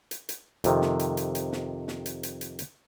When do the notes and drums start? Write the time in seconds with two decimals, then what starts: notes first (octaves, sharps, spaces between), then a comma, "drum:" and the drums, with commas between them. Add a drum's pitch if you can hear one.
0.11 drum: hi-hat
0.29 drum: hi-hat
0.64 F2 C3 D#3, drum: hi-hat
0.82 drum: snare
0.99 drum: hi-hat
1.17 drum: hi-hat
1.35 drum: hi-hat
1.52 drum: snare
1.88 drum: snare
2.06 drum: hi-hat
2.23 drum: hi-hat
2.41 drum: hi-hat
2.59 drum: hi-hat